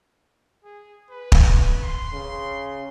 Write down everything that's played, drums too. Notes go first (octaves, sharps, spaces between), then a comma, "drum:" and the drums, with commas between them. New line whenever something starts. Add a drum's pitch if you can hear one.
G#4
B4
drum: kick
C6
C#3